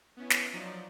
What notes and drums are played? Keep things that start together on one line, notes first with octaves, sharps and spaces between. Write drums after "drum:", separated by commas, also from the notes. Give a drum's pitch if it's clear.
B3 C#4 E4
drum: snare
F3 F#3 D#4 D5 D#5